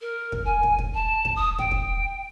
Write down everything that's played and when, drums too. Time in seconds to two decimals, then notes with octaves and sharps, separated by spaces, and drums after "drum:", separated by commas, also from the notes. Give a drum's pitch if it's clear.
0.01 A#4
0.32 drum: kick
0.45 G#5
0.63 drum: kick
0.79 drum: kick
0.94 A5
1.25 drum: kick
1.36 D#6
1.59 G5, drum: kick
1.71 drum: kick